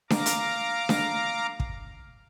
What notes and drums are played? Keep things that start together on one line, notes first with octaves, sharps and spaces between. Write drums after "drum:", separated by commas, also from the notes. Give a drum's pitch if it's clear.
F5 A#5 D6, drum: snare D4
drum: hi-hat
drum: snare D4
drum: kick